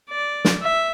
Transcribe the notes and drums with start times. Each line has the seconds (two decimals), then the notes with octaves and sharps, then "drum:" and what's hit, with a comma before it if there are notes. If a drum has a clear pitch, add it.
0.10 D5
0.45 drum: snare
0.63 E5